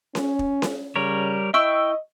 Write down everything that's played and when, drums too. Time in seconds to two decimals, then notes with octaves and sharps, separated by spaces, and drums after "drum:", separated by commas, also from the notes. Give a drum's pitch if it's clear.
0.15 C#4, drum: snare C#4
0.39 drum: kick
0.62 drum: snare C#4
0.96 C#3 G3 A#4 C#5
1.54 E4 D#5 G5 C#6 E6